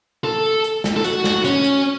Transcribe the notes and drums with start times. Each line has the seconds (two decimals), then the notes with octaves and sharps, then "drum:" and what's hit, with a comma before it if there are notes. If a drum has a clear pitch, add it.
0.24 A4
0.64 drum: hi-hat
0.84 drum: snare
0.97 A4
1.04 F#4, drum: hi-hat
1.24 drum: snare
1.44 C#4, drum: hi-hat
1.64 drum: hi-hat